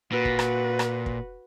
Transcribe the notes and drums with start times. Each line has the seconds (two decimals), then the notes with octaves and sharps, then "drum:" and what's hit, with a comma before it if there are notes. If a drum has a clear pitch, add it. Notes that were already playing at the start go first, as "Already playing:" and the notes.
0.12 A#2 F#4 B4
0.25 drum: kick
0.39 drum: rim click
0.79 drum: rim click
1.06 drum: kick